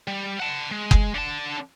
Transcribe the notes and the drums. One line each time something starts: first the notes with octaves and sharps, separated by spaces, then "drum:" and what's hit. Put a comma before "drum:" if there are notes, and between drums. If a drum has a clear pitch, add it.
G3
F#5 A5
G#3
drum: kick F#1
D3 A5